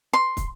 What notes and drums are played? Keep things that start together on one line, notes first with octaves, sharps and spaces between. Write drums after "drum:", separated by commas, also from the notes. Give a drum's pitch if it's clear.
C6
drum: kick, hi-hat